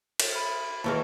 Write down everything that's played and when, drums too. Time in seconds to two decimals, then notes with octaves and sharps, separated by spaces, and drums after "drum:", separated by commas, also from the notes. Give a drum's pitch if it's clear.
0.20 drum: cymbal
0.33 B5 F6
0.84 D#2 E3 G#3 A5 C#6 F6